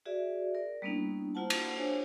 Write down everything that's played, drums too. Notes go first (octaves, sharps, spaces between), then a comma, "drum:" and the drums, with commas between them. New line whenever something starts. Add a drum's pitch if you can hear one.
F#4 G#4 D5 E5
A#4 D5
G3 A#3 B3 C#4 D4 E4
A#3 E4 F4 C5 F#5 A5
drum: cymbal
D4 G#4 C5 C#5 G#5